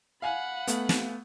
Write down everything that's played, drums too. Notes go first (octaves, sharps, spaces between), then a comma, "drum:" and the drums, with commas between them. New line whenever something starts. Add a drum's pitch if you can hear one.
F5 F#5 G#5 B5
A3 B3, drum: hi-hat
drum: snare